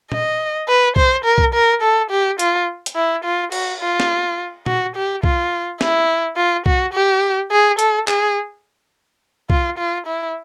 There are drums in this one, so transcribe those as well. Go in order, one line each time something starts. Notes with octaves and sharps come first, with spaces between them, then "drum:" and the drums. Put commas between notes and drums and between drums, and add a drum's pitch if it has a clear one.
D#5, drum: tom
B4
C5, drum: kick
A#4
drum: kick
A#4
A4
G4
F4, drum: hi-hat
drum: hi-hat
E4
F4
F#4, drum: cymbal
F4
drum: snare
F#4, drum: tom
G4
F4, drum: kick
E4, drum: snare
F4
F#4, drum: kick
G4
G#4
A4, drum: hi-hat
G#4, drum: clap
F4, drum: kick
F4
E4